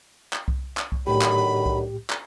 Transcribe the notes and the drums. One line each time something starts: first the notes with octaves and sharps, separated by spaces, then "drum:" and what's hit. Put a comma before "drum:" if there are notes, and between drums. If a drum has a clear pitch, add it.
drum: clap
drum: kick C2
drum: clap
drum: kick C2
A2 D3 D#3 F#3 G4 B5
drum: clap
drum: kick C2
drum: clap